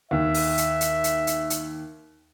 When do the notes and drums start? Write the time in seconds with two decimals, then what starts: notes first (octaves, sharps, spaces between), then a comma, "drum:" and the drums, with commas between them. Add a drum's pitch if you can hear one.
0.11 D#2 E5
0.34 drum: open hi-hat
0.58 drum: hi-hat
0.81 drum: hi-hat
1.04 drum: hi-hat
1.27 drum: hi-hat
1.50 drum: hi-hat